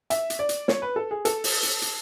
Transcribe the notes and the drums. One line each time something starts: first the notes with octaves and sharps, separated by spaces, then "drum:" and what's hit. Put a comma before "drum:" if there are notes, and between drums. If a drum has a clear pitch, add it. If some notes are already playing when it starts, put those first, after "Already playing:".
E5, drum: hi-hat
drum: hi-hat
D5
drum: hi-hat
C#5, drum: snare
B4
A4
G#4
A4, drum: hi-hat
drum: open hi-hat
drum: hi-hat
drum: hi-hat